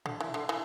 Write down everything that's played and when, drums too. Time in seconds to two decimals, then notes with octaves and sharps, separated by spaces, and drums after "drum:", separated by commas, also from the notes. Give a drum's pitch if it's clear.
0.06 D3, drum: tom
0.21 E3
0.34 D3
0.49 E3